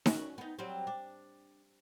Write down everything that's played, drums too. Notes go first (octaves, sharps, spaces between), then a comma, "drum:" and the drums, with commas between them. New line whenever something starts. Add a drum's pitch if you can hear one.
C#4 F#4, drum: snare D#4
B3 D#4
F#3 G3 C4
D4